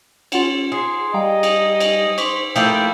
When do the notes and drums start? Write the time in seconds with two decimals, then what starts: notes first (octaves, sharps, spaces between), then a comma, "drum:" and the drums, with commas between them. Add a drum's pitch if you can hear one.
0.32 C#4 F4 F#5 E7, drum: cymbal
0.72 G#4 C6
1.14 G3 D#5 F5 G5 A#5
1.43 drum: cymbal
1.80 drum: cymbal
2.18 C5 C#6 D6 B6, drum: cymbal
2.56 F3 A3 A#3 E4 G5 D#6 B6, drum: cymbal